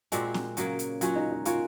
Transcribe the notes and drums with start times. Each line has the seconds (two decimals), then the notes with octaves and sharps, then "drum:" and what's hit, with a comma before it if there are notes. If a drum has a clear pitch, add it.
0.12 A#2 G#3 C4 F#4, drum: hi-hat
0.34 drum: snare C4
0.57 C#3 F#3 A#3, drum: hi-hat
0.79 drum: hi-hat
1.01 F#3 C#4 F4 F#4, drum: hi-hat
1.16 D#4
1.31 D#4
1.45 A#3 C#4 F4 F#4 C#5, drum: hi-hat